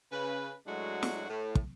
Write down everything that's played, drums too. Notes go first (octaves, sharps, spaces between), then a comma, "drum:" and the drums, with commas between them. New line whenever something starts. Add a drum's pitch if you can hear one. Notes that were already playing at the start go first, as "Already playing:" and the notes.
C#3 B4
A2 F#3 G#3 A3 D4 F#4
drum: snare
A2
drum: kick